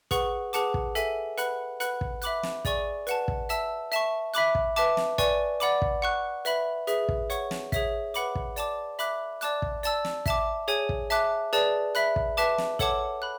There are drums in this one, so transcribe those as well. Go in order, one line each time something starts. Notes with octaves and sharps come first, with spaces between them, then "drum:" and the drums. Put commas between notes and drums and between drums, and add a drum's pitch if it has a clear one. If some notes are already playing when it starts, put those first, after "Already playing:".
G#4 B4 F#5 C#6, drum: kick, hi-hat
G#4 B4 F#5 A5 D6, drum: hi-hat
drum: kick
A4 E5 G#5, drum: hi-hat
B4 F#5 B5 F#6, drum: hi-hat
B4 F#5 B5 F#6, drum: hi-hat
drum: kick
E5 B5 D6 F#6, drum: hi-hat
drum: snare
G#4 D5 G#5 C#6, drum: kick, hi-hat
B4 F#5 A5, drum: hi-hat
drum: kick
E5 A5 E6, drum: hi-hat
E5 A5 C#6, drum: hi-hat
E5 B5 D6 F#6, drum: hi-hat
drum: kick
B4 E5 A5 D6, drum: hi-hat
drum: snare
B4 D5 G#5 C#6, drum: kick, hi-hat
D5 F#5 B5 D6, drum: hi-hat
drum: kick
F#5 C#6 F#6
B4 E5 B5, drum: hi-hat
G#4 B4 E5, drum: hi-hat
drum: kick
C#5 F#5 C#6, drum: hi-hat
drum: snare
G#4 C#5 E5, drum: kick, hi-hat
B4 F#5 B5 D6, drum: hi-hat
drum: kick
D5 A5 D6, drum: hi-hat
E5 B5 D6 F#6, drum: hi-hat
D5 A5 D6 F#6, drum: hi-hat
drum: kick
D5 A5 E6, drum: hi-hat
drum: snare
E5 A5 D6, drum: kick, hi-hat
G#4 C#5 G#5, drum: hi-hat
drum: kick
E5 A5 D6 F#6, drum: hi-hat
G#4 B4 D5 A5, drum: hi-hat
E5 B5 F#6, drum: hi-hat
drum: kick
B4 E5 A5 D6, drum: hi-hat
drum: snare
A4 C#5 F#5 A5 D6, drum: kick, hi-hat
B5 F#6